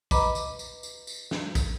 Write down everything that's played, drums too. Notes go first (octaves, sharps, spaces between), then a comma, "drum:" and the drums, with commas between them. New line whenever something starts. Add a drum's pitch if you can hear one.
B4 D#5 A#5 B5 D6, drum: kick, tambourine
drum: tambourine
drum: tambourine
drum: tambourine
drum: tambourine
drum: snare
drum: kick, tambourine